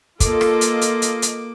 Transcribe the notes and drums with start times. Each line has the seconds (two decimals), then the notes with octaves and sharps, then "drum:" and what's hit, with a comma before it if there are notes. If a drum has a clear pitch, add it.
0.20 A#3 F4 A4 D#5 D6, drum: kick, hi-hat
0.41 drum: rim click
0.61 drum: hi-hat
0.82 drum: hi-hat
1.02 drum: hi-hat
1.22 drum: hi-hat